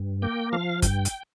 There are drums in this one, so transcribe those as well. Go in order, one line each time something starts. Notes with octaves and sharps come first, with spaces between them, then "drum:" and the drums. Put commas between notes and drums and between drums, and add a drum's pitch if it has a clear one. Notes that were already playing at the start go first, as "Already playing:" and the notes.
Already playing: G2
A#3 G5
F3 F5
G2 G5, drum: kick, hi-hat
drum: hi-hat